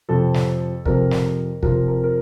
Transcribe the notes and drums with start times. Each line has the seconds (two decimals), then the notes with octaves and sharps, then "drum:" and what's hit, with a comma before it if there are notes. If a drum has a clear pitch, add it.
0.09 F2 C3 F3 A4
0.34 drum: snare
0.86 F2 C3 F3 A#4, drum: kick
1.11 drum: snare
1.63 F2 C3 F3 A#4, drum: kick
1.88 A#4
2.04 A#4